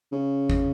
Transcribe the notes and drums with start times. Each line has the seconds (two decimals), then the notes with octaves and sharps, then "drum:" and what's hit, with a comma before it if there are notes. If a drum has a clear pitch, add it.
0.12 C#3
0.50 drum: kick G#1